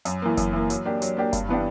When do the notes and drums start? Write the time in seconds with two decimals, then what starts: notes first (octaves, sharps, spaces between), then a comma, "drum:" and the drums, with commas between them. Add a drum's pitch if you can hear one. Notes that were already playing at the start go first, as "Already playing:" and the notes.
0.05 F#2, drum: hi-hat
0.22 E3 A#3
0.37 F#2, drum: kick F#1, hi-hat
0.53 E3 A#3
0.70 F#3, drum: hi-hat
0.85 A#3 D4 G4
1.02 F#3, drum: hi-hat
1.17 A#3 D4 G4
1.33 G2, drum: kick F#1, hi-hat
1.49 E3 B3 D4 G4